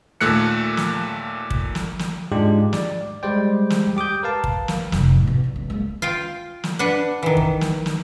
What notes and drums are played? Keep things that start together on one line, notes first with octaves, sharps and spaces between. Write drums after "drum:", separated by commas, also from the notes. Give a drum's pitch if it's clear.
D#2 A#2 A3 F#6 C#7
drum: snare
drum: kick
drum: snare
drum: snare
G#2 G#3 D4 F4 G4
D5, drum: snare
G3 G#3 C5 D5 G5
drum: snare
G4 D6 D#6 G6
A#4 B4 F5 A5
drum: kick
drum: snare
F1, drum: snare
A2 D#3
B2
D3 F3
C#2
G#3 A#3
F4 F5 G5
drum: snare
D4 B4 F#5
D#3 E3
drum: kick
drum: snare
drum: snare